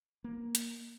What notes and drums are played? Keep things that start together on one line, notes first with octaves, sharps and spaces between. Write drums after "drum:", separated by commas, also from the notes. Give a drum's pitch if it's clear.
A#3
drum: hi-hat